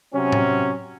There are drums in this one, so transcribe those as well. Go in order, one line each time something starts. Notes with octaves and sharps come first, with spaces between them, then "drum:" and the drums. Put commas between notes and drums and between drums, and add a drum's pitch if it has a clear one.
C3 F#3 C#4
drum: tom A2